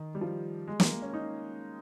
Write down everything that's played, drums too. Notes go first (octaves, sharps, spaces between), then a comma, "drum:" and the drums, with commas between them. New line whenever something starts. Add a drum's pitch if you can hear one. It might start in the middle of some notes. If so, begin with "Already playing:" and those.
Already playing: D#3
G3
F3
G#3
A#3, drum: snare
C#4
D#4